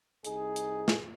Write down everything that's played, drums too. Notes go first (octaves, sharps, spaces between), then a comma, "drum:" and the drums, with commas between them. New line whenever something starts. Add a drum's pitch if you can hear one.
C2 D#4 G#4, drum: hi-hat
drum: hi-hat
drum: snare